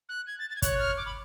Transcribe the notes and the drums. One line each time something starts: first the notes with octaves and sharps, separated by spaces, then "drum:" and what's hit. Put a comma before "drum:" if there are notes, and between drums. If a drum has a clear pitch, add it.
F#6
G#6
A6
A6
G#6
C#5 F#6, drum: kick, hi-hat
F6
D6
B5